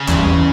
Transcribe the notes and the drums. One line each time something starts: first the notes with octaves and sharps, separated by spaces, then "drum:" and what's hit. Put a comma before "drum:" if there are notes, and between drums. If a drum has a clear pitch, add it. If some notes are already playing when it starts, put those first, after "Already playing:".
Already playing: C#3
E2, drum: clap
G2
E2